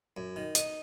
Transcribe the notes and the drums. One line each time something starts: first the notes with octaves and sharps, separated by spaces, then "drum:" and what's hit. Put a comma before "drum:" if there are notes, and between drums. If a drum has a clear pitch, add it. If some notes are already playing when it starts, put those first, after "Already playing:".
F#2
D#3
D#4, drum: hi-hat